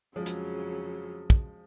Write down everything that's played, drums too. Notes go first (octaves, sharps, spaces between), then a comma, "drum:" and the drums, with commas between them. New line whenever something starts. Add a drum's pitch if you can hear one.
F2 C#3 F3 F#3 G#3 C#4
drum: hi-hat
drum: kick